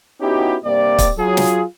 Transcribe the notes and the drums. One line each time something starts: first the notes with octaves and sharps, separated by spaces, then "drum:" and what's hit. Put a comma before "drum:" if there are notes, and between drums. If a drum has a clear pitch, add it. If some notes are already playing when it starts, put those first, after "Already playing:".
B3 C#4 D#4 E4 F#4 G4
G2 C3 A#3 G4 D5
drum: kick, hi-hat
F#3 F4 G#4
drum: snare